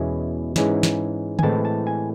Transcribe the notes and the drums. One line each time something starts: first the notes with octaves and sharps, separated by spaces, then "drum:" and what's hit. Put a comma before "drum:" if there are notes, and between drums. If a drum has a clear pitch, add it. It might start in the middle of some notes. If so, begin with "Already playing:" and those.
Already playing: E2 B2 G#3 C#4 E4
G#2 E3 G#3 C#4 E4, drum: snare
drum: snare
G#5, drum: tom D3
A2 E3 G#3 C4 A5
A5
G#5